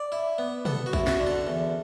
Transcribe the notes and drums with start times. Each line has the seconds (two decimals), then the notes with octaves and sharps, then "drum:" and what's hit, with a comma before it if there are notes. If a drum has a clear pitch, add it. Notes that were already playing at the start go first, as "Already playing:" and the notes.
Already playing: D5
0.12 E4
0.38 B3
0.65 B3 A4, drum: tom
0.86 F#4
0.93 E4, drum: kick A#1
1.07 F#4, drum: snare
1.20 D3
1.27 A4
1.47 E2